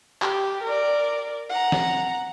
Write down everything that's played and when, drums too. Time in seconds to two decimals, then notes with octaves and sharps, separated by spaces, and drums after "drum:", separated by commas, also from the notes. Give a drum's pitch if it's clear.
0.22 G4, drum: clap
0.63 A#4 D5
1.50 F#5 A#5
1.72 drum: snare